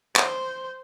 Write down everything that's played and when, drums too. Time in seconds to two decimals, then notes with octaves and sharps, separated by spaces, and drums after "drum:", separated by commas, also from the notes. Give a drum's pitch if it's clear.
0.16 C5, drum: clap